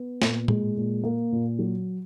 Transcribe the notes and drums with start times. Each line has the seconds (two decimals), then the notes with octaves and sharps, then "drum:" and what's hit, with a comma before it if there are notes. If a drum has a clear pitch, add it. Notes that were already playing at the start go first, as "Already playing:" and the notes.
Already playing: B3
0.22 A#2, drum: snare
0.48 G#3, drum: tom A2
0.76 A#2
1.04 A#3
1.32 A#2
1.59 F#3